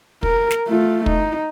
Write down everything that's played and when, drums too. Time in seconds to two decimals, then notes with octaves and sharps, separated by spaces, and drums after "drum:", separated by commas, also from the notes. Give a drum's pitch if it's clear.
0.23 A#4, drum: kick
0.51 drum: snare
0.67 A3 F4
1.06 D#4, drum: kick